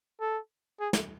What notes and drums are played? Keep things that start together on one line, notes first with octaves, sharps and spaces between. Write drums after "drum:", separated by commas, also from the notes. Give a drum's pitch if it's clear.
A4
G#4
drum: snare